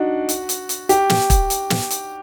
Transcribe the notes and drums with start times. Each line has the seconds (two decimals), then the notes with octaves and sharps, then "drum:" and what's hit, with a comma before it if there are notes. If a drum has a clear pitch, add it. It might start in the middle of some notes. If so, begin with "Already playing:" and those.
Already playing: D4 D#4 F#4
0.29 drum: hi-hat
0.49 drum: hi-hat
0.69 drum: hi-hat
0.89 G4, drum: hi-hat
1.10 drum: snare
1.30 drum: kick, hi-hat
1.50 drum: hi-hat
1.70 drum: snare
1.90 drum: hi-hat